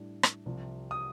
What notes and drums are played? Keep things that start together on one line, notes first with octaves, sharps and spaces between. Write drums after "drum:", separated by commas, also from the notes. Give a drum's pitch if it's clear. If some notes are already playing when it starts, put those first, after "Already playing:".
Already playing: A2 G3 D4
drum: rim click
C2 C3 F3
D#6